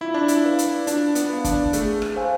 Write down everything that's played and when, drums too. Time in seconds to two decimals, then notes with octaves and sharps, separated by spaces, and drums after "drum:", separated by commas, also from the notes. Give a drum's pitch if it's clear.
0.01 E4 F4
0.14 D4
0.28 E4, drum: hi-hat
0.44 B4 F5
0.59 drum: hi-hat
0.87 D4 F4, drum: hi-hat
1.15 B3, drum: hi-hat
1.30 B4 F5
1.44 D4, drum: kick, hi-hat
1.73 A3 G#4, drum: hi-hat
2.02 drum: rim click
2.16 C5 F5 G#5